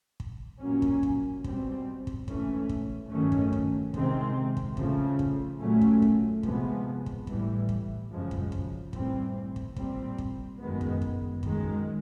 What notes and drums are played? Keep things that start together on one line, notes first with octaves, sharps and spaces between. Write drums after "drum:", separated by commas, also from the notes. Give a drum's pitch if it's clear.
drum: kick
A#2 F#3 A#3 C#4
drum: kick
drum: kick
B2 G3 C4, drum: kick
drum: kick
G#2 E3 A3 C#4, drum: kick
drum: kick
G2 D#3 F#3 A3 C#4
drum: kick
drum: kick
C3 D#3 G#3 C4, drum: kick
drum: kick
C#3 F3 A3, drum: kick
drum: kick
A#2 F#3 A3 C#4
drum: kick
drum: kick
C3 F3 G#3 B3, drum: kick
drum: kick
A2 E3 G3, drum: kick
drum: kick
F#2 C#3 F3 G#3
drum: kick
drum: kick
A2 E3 G3 C4, drum: kick
drum: kick
A#2 G3 C4, drum: kick
drum: kick
F#2 D#3 G#3 B3
drum: kick
drum: kick
F#2 D#3 G#3, drum: kick